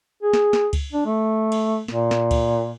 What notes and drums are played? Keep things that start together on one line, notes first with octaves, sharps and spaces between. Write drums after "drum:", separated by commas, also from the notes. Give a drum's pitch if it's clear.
G#4
drum: snare
drum: snare
drum: kick C#2, cymbal
D4
A3
drum: cymbal
A#2, drum: snare
drum: snare
drum: kick C#2, cymbal